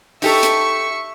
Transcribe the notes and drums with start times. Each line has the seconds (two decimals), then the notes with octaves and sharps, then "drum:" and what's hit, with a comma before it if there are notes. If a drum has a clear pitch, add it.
0.22 D#4 G4 A4 E5 C#6, drum: open hi-hat
0.43 drum: hi-hat